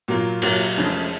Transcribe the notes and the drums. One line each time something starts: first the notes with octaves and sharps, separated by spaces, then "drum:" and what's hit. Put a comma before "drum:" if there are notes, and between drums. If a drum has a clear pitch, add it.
A#2 F#3 A#3 F4
A#2 F#3 A#3 F4, drum: cymbal
F1 F2 C#3 F3 G#3